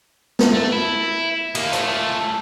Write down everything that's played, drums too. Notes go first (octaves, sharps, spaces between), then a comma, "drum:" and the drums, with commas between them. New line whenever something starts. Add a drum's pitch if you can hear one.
drum: snare
A3
E4
A#3 D#4, drum: cymbal
A3 F4, drum: hi-hat